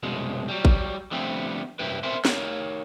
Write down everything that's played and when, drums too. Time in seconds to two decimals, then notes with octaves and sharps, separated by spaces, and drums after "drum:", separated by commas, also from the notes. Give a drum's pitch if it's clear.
0.03 C2 F#2 B2 G#3
0.48 F#3 G3
0.65 drum: kick G#1
1.11 D3 F3 G3 A3 B3 C4
1.79 C2 F#2 E4 G4 B4
2.03 B3 C4 A#4 C5 E5 C6
2.25 D#4 A#4 C#5, drum: snare